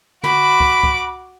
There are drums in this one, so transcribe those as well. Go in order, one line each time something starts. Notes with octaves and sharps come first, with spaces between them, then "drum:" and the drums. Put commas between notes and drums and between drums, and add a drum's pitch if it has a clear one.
F#4 B5 D6, drum: tom
drum: kick C2
drum: kick C2